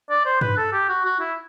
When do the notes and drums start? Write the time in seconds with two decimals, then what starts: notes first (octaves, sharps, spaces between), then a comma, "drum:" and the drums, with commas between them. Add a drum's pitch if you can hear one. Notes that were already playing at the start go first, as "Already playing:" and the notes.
0.10 D5
0.26 C5
0.41 B4, drum: tom G2
0.58 A4
0.73 G4
0.89 F#4
1.05 F#4
1.20 E4